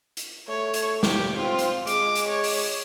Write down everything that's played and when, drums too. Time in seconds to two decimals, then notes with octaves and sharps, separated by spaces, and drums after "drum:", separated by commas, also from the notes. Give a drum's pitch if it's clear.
0.17 drum: hi-hat
0.48 A3 C#5
0.74 drum: hi-hat
1.03 G4, drum: snare
1.37 C4 F4
1.59 drum: hi-hat
1.87 G#3 D6, drum: hi-hat
2.15 drum: hi-hat
2.28 C#5
2.44 drum: open hi-hat